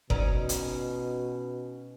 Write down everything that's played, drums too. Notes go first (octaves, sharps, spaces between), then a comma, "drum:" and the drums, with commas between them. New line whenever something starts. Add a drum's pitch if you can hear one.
B2 C#4 D#4 D5, drum: kick F#1
drum: hi-hat